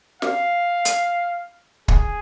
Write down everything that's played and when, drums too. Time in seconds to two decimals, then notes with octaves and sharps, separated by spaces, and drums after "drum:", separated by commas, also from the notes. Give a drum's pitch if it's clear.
0.22 F5, drum: snare
0.85 drum: hi-hat
1.88 G#4, drum: kick